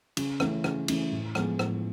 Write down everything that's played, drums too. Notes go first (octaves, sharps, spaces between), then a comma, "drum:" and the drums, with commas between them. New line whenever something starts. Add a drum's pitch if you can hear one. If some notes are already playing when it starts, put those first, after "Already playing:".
C#3, drum: cymbal
E3 A3 C#4 E4, drum: rim click
C#3, drum: rim click
E3 A3 C#4 E4, drum: cymbal
A2
F3 G#3 B3, drum: rim click
A2, drum: rim click